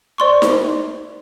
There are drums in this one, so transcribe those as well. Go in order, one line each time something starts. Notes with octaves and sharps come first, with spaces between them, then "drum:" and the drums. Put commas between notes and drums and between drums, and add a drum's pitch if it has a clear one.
C5 D5 C6 C#6
drum: snare D#4